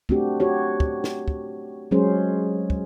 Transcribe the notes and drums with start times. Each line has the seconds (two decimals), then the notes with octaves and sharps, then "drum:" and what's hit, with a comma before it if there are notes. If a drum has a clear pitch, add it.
0.09 A3 C4 D4 F#4 G4, drum: kick
0.40 F#4 G4 C#5
0.80 drum: kick
1.04 drum: snare
1.28 drum: kick
1.91 F#3 G#3 C#4 G#4 C5
2.70 drum: kick